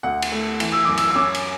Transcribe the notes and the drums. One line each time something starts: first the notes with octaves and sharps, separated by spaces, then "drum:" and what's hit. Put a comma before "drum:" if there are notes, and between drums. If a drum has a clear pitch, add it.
D2 F#5
drum: cymbal
A3
E3, drum: cymbal
E6
F#2 D6
E6, drum: cymbal
E6
C#4 D6
drum: cymbal